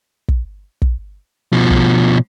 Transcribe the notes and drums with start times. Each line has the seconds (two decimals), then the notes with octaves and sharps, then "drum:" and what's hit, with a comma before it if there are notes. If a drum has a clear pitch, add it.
0.28 drum: kick
0.82 drum: kick
1.53 B2 F3
1.70 drum: kick